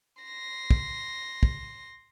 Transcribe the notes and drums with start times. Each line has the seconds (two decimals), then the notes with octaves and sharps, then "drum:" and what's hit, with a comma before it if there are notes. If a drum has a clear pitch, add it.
0.22 C6 A#6
0.71 drum: kick
1.43 drum: kick